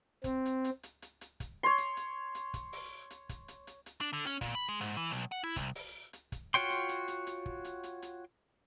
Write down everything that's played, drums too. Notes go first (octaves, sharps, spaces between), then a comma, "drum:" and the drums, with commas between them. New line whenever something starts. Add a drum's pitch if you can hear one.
C4, drum: kick, hi-hat
drum: hi-hat
drum: hi-hat
drum: hi-hat
drum: hi-hat
drum: hi-hat
drum: kick, hi-hat
C#5 C6
drum: hi-hat
drum: hi-hat
drum: hi-hat
drum: kick, hi-hat
drum: open hi-hat
drum: hi-hat
drum: kick, hi-hat
drum: hi-hat
drum: hi-hat
drum: hi-hat
D4
D3
C#4, drum: hi-hat
A#2, drum: kick, hi-hat
B5
G#3
G#2, drum: hi-hat
E3
B1
F#5
E4
C2, drum: kick, hi-hat
drum: open hi-hat
drum: hi-hat
drum: kick, hi-hat
F4 F#4 C#5 G5 C6
drum: hi-hat
drum: hi-hat
drum: hi-hat
drum: hi-hat
drum: kick
drum: hi-hat
drum: hi-hat
drum: hi-hat